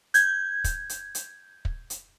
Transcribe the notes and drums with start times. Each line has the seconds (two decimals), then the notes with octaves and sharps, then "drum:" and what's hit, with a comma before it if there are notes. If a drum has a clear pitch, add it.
0.14 G6 G#6, drum: hi-hat
0.64 drum: kick, hi-hat
0.89 drum: hi-hat
1.15 drum: hi-hat
1.65 drum: kick
1.90 drum: hi-hat